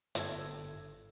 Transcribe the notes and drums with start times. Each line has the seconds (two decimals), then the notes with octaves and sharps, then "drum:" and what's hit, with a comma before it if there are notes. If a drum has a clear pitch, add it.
0.15 G1 A4 G#6, drum: hi-hat